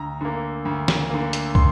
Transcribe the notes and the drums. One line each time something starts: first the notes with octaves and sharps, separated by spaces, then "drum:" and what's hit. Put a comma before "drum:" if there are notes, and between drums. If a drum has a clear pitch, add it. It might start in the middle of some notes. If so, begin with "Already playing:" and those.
Already playing: D2 A#5
D3 A#3
D2
drum: snare
D3 A#3
drum: hi-hat
C6, drum: kick